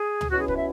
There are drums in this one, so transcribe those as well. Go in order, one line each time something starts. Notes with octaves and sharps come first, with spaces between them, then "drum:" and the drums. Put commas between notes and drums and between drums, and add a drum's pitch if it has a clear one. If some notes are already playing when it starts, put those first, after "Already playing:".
Already playing: G#4
drum: tom
B2 F#3 C#4 E4 F#4
G#4
B4, drum: kick
E5